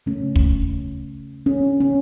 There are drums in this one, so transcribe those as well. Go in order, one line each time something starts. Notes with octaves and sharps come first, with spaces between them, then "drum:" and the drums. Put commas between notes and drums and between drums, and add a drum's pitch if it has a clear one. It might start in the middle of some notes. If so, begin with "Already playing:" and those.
C#3 A3 C#4
drum: kick
C#4
C#4